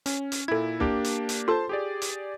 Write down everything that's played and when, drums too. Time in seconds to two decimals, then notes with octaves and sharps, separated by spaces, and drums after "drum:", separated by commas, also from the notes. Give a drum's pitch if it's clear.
0.06 C#4, drum: hi-hat
0.32 drum: hi-hat
0.48 A#2 E4 A4 G#6
0.80 A#3 D4 G4, drum: kick
1.04 drum: hi-hat
1.29 drum: hi-hat
1.48 F4 A4 C5 A5 C6
1.69 G4 G#4 D5
2.02 drum: hi-hat